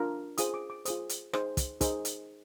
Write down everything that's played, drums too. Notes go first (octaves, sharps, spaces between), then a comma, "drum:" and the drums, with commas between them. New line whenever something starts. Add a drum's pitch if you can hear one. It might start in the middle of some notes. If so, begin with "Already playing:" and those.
Already playing: D4 F4 A#4
F4 G#4 C5 D#6, drum: hi-hat
D6
D6
F4 G#4 C5 D#6, drum: hi-hat
drum: hi-hat
D#4 G#4 C5, drum: rim click
drum: kick, hi-hat
D#4 G#4 C5, drum: kick, hi-hat
drum: hi-hat